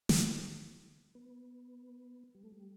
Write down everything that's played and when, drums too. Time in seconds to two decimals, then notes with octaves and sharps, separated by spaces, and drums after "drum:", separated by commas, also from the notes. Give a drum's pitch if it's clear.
0.09 C4, drum: snare
0.24 C4
1.15 B3
2.35 G3
2.43 A3
2.52 G3